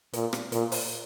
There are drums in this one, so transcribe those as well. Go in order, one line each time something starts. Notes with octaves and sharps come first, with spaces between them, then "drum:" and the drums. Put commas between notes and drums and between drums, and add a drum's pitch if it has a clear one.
A#2, drum: hi-hat
drum: rim click
A#2, drum: hi-hat
drum: open hi-hat